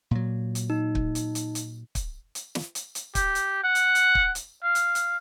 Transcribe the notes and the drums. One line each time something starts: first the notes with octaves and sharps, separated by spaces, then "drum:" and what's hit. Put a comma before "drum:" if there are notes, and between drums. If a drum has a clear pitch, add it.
A#2 F#3
drum: hi-hat
D#4
drum: kick
drum: hi-hat
drum: hi-hat
drum: hi-hat
drum: kick, hi-hat
drum: hi-hat
drum: snare
drum: hi-hat
drum: hi-hat
G4, drum: kick, hi-hat
drum: hi-hat
F#5
drum: hi-hat
drum: hi-hat
drum: kick
drum: hi-hat
F5
drum: hi-hat
drum: hi-hat